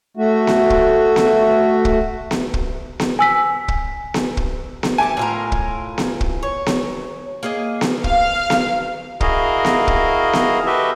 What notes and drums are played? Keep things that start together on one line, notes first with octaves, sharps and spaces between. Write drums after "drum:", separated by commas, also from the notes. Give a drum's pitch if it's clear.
A3 F#4
drum: snare B3
drum: kick
drum: snare B3
drum: kick
drum: snare B3
drum: kick
drum: snare B3
G#5 E6 B6
drum: kick
drum: snare B3
drum: kick
drum: snare B3
A3 G4 G#5 A5
A2 F4 A#4
drum: kick
drum: snare B3
drum: kick
C#5
drum: snare B3
A#3 G#4 D#5
drum: snare B3
F5, drum: kick
drum: snare B3
E4 F#4 G#4 A#4 D#5 F5, drum: kick
drum: snare B3
drum: kick
drum: snare B3
F#4 G4 A4 B4 D#5 E5